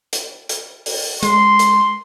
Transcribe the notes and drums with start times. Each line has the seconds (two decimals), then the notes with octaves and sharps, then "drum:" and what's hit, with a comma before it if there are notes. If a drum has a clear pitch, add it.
0.13 drum: hi-hat
0.49 drum: hi-hat
0.86 drum: open hi-hat
1.23 G#3 C6, drum: hi-hat
1.59 drum: hi-hat